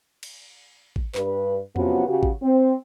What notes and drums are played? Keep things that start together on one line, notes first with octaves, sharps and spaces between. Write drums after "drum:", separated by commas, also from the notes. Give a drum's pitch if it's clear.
drum: cymbal
drum: kick
G2 B4, drum: clap
C3 F3 F#3 B3 C#4 F#4, drum: tom E2
C#3 F#4 G4
drum: kick
C4